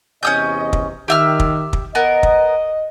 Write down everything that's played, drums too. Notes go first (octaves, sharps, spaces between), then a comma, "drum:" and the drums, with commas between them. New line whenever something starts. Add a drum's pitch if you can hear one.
E2 C3 C#4 D#5 D#6 G6
drum: kick
D#3 G4 E5 F6
drum: kick
drum: kick
B3 A#4 D#5
drum: kick